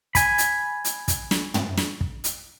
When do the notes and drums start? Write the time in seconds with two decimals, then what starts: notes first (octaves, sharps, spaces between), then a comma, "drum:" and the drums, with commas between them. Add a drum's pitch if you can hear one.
0.15 G#5 B5, drum: kick, hi-hat
0.38 drum: hi-hat
0.85 drum: hi-hat
1.08 drum: kick, hi-hat
1.31 drum: snare
1.54 drum: tom
1.77 drum: snare
2.01 drum: kick
2.24 drum: hi-hat